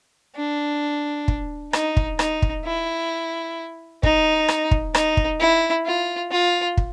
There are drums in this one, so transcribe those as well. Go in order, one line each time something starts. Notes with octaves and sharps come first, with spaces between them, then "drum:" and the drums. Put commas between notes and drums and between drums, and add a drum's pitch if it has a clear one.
D4
drum: kick
D#4, drum: rim click
drum: kick
D#4, drum: rim click
drum: kick
E4
D#4, drum: kick
drum: rim click
drum: kick
D#4, drum: rim click
drum: kick
E4
F4
F4
drum: kick